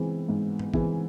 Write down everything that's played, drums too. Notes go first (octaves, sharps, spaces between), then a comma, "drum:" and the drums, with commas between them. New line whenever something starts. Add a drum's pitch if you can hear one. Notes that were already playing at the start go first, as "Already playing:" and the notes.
Already playing: E3 G#3 C4
G#2
drum: tom G#2
E3 G#3 C4, drum: kick